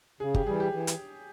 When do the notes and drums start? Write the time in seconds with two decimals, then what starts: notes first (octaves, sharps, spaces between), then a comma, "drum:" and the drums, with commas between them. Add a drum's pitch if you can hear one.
0.20 C#3 G#4
0.35 G4, drum: kick G1
0.47 E3 G3 G#4
0.60 G4
0.73 E3
0.87 drum: hi-hat